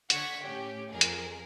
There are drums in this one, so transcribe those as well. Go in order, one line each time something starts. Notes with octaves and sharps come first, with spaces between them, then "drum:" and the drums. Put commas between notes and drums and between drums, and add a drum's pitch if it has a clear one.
D3 F#5 C#6 G#6 B6, drum: hi-hat
A2 C#4 G4
F2 G#4 A#4
drum: hi-hat